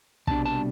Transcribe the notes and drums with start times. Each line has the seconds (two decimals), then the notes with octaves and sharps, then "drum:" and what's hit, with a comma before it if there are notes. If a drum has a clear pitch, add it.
0.27 C2 B2 G3 D4 A5, drum: kick
0.46 A5